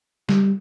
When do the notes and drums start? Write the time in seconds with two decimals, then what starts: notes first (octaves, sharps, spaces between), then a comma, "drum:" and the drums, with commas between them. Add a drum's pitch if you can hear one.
0.29 G3, drum: snare